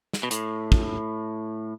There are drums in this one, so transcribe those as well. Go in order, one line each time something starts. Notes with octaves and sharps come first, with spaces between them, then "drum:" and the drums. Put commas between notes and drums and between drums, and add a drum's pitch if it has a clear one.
drum: snare
B2
A2, drum: hi-hat
drum: kick